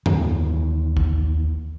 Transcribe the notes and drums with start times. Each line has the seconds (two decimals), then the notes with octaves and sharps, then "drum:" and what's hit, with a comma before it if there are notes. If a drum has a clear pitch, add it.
0.06 D#2 E3, drum: tom
0.97 drum: kick